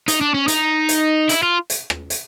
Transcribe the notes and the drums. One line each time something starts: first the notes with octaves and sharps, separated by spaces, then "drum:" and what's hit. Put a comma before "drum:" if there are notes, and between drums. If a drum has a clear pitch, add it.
D#4, drum: hi-hat
D4
C#4
D#4, drum: hi-hat
drum: hi-hat
E4, drum: hi-hat
F4
drum: hi-hat
drum: rim click
drum: hi-hat